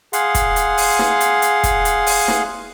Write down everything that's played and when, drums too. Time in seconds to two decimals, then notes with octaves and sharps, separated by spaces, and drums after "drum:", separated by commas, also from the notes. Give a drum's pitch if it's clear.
0.13 G#4 F5 F#5 C6, drum: hi-hat
0.35 drum: kick, hi-hat
0.56 drum: hi-hat
0.78 drum: open hi-hat
0.99 drum: snare
1.21 drum: hi-hat
1.42 drum: hi-hat
1.64 drum: kick, hi-hat
1.85 drum: hi-hat
2.07 drum: open hi-hat
2.28 drum: snare